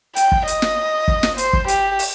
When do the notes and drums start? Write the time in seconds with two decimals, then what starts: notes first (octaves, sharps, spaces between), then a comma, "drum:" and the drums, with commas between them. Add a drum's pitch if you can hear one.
0.16 G5, drum: hi-hat
0.32 drum: kick
0.47 D#5, drum: hi-hat
0.62 drum: snare
1.08 drum: kick
1.23 drum: snare
1.38 C5, drum: hi-hat
1.53 drum: kick
1.68 G4, drum: hi-hat
1.99 drum: open hi-hat